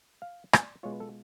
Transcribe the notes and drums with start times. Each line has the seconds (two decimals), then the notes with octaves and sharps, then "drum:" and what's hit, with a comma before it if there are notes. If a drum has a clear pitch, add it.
0.22 F5
0.53 D5, drum: rim click
0.83 B2 G#3 B3 F4 C#5
0.92 B4
1.00 A4